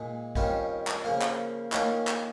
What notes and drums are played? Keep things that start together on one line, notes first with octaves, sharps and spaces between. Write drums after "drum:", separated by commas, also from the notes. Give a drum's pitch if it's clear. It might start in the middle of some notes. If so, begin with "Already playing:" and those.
Already playing: A#2 G#3 D#4
F2 D#3 G3 C#4 F4, drum: kick
drum: clap
C#3 F3 A#3 F4
drum: clap
D#3 A#3 C#4 F4, drum: clap
drum: clap